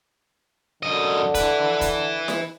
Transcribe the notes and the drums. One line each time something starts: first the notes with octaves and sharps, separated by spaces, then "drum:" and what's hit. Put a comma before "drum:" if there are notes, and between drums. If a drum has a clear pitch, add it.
F#2 D3 D#5
E4 B4, drum: kick E1, hi-hat
drum: kick E1, hi-hat
drum: snare E4